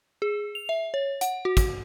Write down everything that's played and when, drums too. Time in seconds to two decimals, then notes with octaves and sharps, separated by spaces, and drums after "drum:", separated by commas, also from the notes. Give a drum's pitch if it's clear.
0.22 G#4
0.55 F7
0.69 E5
0.94 C#5
1.21 F#5, drum: hi-hat
1.45 F#4
1.57 drum: kick, hi-hat